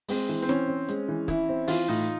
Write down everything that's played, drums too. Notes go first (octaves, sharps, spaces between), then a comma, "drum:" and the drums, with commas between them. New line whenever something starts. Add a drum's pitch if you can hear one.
G#3 C4, drum: open hi-hat
E3
C4
E3 C#4, drum: snare
C4
G#3, drum: hi-hat
E3
E3 E4, drum: kick C#1, hi-hat
C4
E3 F4, drum: open hi-hat
A2 D#4